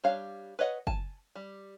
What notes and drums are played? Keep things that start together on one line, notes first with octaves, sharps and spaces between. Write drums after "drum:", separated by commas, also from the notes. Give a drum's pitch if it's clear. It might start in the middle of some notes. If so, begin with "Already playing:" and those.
G3 D4 C#5 F5
B4 C#5 D#5 F#5
G#5 A5, drum: kick F#1
G3